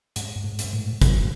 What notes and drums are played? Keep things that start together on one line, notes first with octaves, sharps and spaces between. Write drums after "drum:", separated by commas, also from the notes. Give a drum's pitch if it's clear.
G#2, drum: hi-hat
G#2
drum: hi-hat
A2
F#3, drum: kick, hi-hat